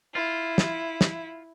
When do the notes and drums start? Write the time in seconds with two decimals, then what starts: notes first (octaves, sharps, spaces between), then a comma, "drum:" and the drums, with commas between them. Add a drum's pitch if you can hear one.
0.15 E4 F4
0.58 drum: snare
1.01 drum: snare